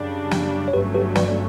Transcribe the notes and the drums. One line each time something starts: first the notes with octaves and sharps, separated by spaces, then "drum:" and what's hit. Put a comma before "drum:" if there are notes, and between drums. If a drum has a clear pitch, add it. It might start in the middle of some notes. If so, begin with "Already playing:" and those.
Already playing: F#2 C#3 G3 D4
drum: snare
C#5
G1 G2 F#3 A3 C#4 G4 B4
G4 B4
B4 D5, drum: snare
D5